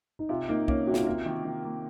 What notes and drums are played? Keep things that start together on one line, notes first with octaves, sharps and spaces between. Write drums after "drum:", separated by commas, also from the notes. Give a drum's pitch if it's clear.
D#4
C3 F4
A#3 D#4
A#3 C#4, drum: kick
C3 F#4
F4, drum: snare
D#4
A#3 F4
D#3
D#3
A#3